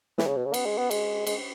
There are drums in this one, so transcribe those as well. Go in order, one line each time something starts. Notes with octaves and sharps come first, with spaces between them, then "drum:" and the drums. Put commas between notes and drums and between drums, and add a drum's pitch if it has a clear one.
E3, drum: snare
C#3
B2
C#3
B3, drum: cymbal
G#3
B3
G#3, drum: cymbal
G#3, drum: cymbal